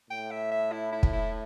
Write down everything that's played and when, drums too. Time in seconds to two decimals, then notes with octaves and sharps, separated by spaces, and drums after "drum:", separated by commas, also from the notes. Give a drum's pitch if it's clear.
0.10 A2 G5
0.31 E5
0.51 E5
0.72 E4
0.92 E4
1.03 drum: kick
1.13 E4